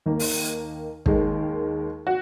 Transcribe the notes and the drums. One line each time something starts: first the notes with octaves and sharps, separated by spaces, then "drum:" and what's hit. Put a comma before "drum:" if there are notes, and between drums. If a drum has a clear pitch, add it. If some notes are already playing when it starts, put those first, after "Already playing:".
D#2 D#3 A#3
drum: open hi-hat
D#2 D#3 G#3, drum: kick
F#4